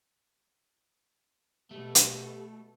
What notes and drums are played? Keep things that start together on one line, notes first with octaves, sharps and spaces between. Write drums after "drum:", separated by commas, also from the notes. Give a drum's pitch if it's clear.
B2 A3 G4 A4
drum: hi-hat